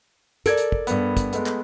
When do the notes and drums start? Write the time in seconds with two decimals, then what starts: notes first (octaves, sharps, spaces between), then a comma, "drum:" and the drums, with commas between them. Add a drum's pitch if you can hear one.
0.46 A4 A#4 D5 G#6 D7, drum: hi-hat
0.58 drum: hi-hat
0.72 drum: kick
0.87 G2 B3, drum: hi-hat
1.17 drum: kick, hi-hat
1.33 G#3 A3 B3, drum: hi-hat
1.46 drum: clap